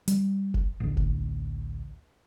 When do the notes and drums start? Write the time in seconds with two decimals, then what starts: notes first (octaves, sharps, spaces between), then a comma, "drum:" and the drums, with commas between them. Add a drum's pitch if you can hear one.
0.08 G3, drum: hi-hat
0.54 drum: kick F1
0.80 A1 D2
0.97 drum: kick F1